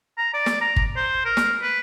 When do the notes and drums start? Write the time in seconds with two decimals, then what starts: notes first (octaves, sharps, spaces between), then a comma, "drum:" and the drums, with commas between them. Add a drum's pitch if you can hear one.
0.18 A#5
0.34 D5
0.46 drum: snare
0.61 A#5
0.76 drum: kick
0.96 C5
1.25 A#4
1.37 drum: snare
1.62 B4